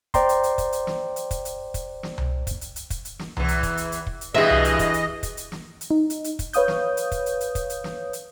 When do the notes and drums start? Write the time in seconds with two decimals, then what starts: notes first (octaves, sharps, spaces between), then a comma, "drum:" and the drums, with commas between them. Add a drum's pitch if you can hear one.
0.14 C5 D5 G5 A#5 C6, drum: kick, hi-hat
0.29 drum: hi-hat
0.43 drum: hi-hat
0.58 drum: kick, hi-hat
0.73 drum: hi-hat
0.87 drum: snare
1.16 drum: hi-hat
1.31 drum: kick, hi-hat
1.45 drum: hi-hat
1.74 drum: kick, hi-hat
2.03 drum: snare
2.18 drum: tom C2
2.47 drum: kick, hi-hat
2.61 drum: hi-hat
2.76 drum: hi-hat
2.90 drum: kick, hi-hat
3.05 drum: hi-hat
3.19 drum: snare
3.37 E2 E3, drum: tom C2
3.48 drum: hi-hat
3.63 drum: kick, hi-hat
3.77 drum: hi-hat
3.92 drum: hi-hat
4.07 drum: kick
4.21 drum: hi-hat
4.35 G2 B2 E3 G#3 G#4 D#5 E5, drum: snare
4.50 drum: tom C2
4.65 drum: hi-hat
4.79 drum: kick, hi-hat
4.94 drum: hi-hat
5.23 drum: kick, hi-hat
5.37 drum: hi-hat
5.52 drum: snare
5.81 drum: hi-hat
5.91 D#4
6.10 drum: hi-hat
6.24 drum: hi-hat
6.39 drum: kick, hi-hat
6.53 B4 C#5 F5 D#6 G6, drum: hi-hat
6.68 drum: snare
6.97 drum: hi-hat
7.12 drum: kick, hi-hat
7.26 drum: hi-hat
7.41 drum: hi-hat
7.55 drum: kick, hi-hat
7.70 drum: hi-hat
7.84 drum: snare
8.13 drum: hi-hat